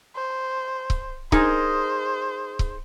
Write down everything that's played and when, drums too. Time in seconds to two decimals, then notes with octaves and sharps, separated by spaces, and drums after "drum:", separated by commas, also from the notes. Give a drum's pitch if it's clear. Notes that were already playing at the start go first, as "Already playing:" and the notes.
0.15 C5
0.90 drum: kick C#1
1.32 D#4 G#4 A#4 C5, drum: kick C#1
2.59 drum: kick C#1